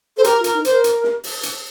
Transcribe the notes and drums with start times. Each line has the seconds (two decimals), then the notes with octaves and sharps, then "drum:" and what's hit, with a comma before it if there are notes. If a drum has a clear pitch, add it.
0.17 A4 C5
0.24 G4 A#4, drum: hi-hat
0.40 F4
0.44 A#4, drum: hi-hat
0.54 D#4
0.65 A#4 C5, drum: hi-hat
0.84 drum: hi-hat
1.04 drum: snare
1.24 drum: open hi-hat
1.43 drum: hi-hat